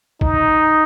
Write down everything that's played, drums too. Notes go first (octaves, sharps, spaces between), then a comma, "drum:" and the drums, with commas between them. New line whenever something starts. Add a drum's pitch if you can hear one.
D#4, drum: kick